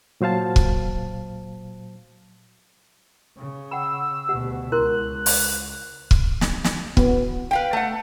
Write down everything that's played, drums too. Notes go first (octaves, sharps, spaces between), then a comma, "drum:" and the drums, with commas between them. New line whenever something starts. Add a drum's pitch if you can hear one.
A#2 F#3 C5 F5 A5
drum: kick
C#3
F#5 G5 B5 E6
D2 B2 G4 F#5
C#2 E4 A#4 C6 F#6
drum: open hi-hat
drum: kick
drum: snare
drum: snare
B3, drum: kick
B4 F5 G5
A3 F#5